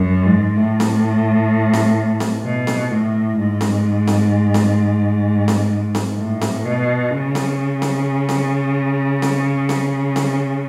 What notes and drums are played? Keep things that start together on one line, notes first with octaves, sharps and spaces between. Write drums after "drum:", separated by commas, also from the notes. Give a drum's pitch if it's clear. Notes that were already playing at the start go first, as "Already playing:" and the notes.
Already playing: F#2
G#2
A2
drum: snare C4
drum: snare C4
drum: snare C4
B2
drum: snare C4
A2
G#2
drum: snare C4
drum: snare C4
drum: snare C4
drum: snare C4
drum: snare C4
A2
drum: snare C4
B2
C#3
drum: snare C4
drum: snare C4
drum: snare C4
drum: snare C4
drum: snare C4
drum: snare C4